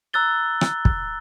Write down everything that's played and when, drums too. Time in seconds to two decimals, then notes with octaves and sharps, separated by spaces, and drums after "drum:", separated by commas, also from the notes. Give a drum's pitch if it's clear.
0.13 A#5 E6 F#6 A6 G7
0.61 drum: rim click
0.85 drum: kick